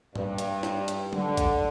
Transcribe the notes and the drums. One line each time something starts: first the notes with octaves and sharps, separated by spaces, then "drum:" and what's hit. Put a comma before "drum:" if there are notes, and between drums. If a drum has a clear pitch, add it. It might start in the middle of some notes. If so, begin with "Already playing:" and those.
G2, drum: tom G#2
drum: hi-hat
drum: snare
drum: hi-hat
D3, drum: tom F#3
drum: kick A#1, hi-hat